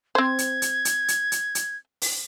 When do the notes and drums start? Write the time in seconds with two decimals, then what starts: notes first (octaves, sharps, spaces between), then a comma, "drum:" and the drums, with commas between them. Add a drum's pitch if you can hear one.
0.15 C4 C5 G#6
0.39 drum: hi-hat
0.62 drum: hi-hat
0.85 drum: hi-hat
1.08 drum: hi-hat
1.32 drum: hi-hat
1.55 drum: hi-hat
2.02 drum: open hi-hat